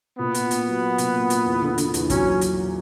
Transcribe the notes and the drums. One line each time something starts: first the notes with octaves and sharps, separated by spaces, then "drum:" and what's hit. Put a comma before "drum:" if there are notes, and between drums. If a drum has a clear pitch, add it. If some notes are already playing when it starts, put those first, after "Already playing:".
A#2 B3
A#2, drum: hi-hat
A#2, drum: hi-hat
F#3
A#3
A#2, drum: hi-hat
A#2
A#2, drum: hi-hat
E2
D3
D3, drum: hi-hat
E2, drum: hi-hat
F#3 C#4, drum: kick, hi-hat
drum: hi-hat